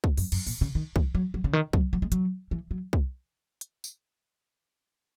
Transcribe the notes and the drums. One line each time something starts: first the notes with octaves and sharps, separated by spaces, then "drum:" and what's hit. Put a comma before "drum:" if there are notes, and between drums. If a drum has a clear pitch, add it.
drum: kick
F#2, drum: open hi-hat
F#2, drum: cymbal
A#2, drum: open hi-hat
C#3
D#3
E3, drum: kick
F#3
F#3
C#3
D#3
F#3, drum: kick
F#3
G#3
F#3, drum: hi-hat
E3
F#3
drum: kick
drum: hi-hat
drum: tambourine